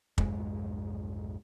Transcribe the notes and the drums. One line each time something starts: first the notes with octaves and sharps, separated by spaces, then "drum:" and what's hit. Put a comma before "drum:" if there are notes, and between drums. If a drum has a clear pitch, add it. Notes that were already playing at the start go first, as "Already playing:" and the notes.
B1 F2 G#2 G#3, drum: kick